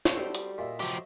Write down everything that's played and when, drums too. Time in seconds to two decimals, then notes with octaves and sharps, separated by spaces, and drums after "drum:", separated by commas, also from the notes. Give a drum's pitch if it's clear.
0.05 drum: snare
0.17 G3 C4 F#4 A4 C5 G5
0.35 drum: hi-hat
0.58 A#2 D#5 E5
0.80 F3 F#3 G4 C5